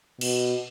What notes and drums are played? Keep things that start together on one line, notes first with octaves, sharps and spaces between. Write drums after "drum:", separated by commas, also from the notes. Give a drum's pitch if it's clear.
B2, drum: cymbal